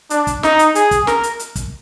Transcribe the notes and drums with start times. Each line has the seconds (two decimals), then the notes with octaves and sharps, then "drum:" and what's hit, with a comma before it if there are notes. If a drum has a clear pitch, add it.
0.10 D4, drum: hi-hat
0.27 drum: kick, hi-hat
0.43 D#4, drum: snare
0.59 drum: hi-hat
0.75 G#4, drum: hi-hat
0.91 drum: kick, hi-hat
1.07 A#4, drum: snare
1.23 drum: hi-hat
1.39 drum: hi-hat
1.56 drum: kick, hi-hat